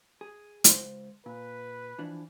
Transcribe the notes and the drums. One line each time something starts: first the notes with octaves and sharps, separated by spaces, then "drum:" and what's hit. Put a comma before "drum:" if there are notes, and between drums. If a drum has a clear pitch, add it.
G#4
C#2 C5, drum: hi-hat
A#2 B4
E3 F3 D4